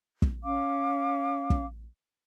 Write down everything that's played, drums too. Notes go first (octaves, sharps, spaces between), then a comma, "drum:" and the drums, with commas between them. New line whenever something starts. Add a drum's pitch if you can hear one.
drum: kick
C#4 F5 D6
drum: kick